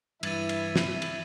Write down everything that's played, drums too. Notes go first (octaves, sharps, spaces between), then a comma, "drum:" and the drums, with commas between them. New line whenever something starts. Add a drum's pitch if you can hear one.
G2 E3 E4 G#6 A6 D#7, drum: cymbal
drum: cymbal
drum: snare
drum: cymbal